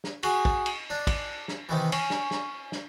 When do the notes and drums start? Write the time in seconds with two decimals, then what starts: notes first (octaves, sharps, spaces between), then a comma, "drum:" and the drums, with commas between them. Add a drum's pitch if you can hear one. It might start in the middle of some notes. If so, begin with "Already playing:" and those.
0.04 drum: snare
0.23 F#4 G#4, drum: cymbal
0.45 drum: kick
0.66 drum: cymbal
0.90 D4
1.07 drum: kick, cymbal
1.48 drum: snare
1.69 C3 D#3 E3
1.92 C#4, drum: cymbal
2.10 drum: snare
2.31 drum: snare
2.72 drum: snare